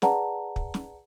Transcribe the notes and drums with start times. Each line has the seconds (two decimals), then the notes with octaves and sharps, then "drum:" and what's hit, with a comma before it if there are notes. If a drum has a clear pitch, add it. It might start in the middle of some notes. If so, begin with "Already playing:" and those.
0.02 G#4 B4 D5 F#5 A5 A#5, drum: snare
0.56 drum: kick
0.74 drum: snare